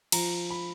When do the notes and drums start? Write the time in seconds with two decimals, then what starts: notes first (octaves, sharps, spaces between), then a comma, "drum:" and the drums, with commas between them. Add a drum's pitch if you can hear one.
0.12 F3 A#5, drum: cymbal
0.50 B5